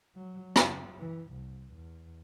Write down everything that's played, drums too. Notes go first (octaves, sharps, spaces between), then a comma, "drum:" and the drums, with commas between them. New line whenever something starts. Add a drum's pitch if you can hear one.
F#3
F#1, drum: rim click
E3
C2
E2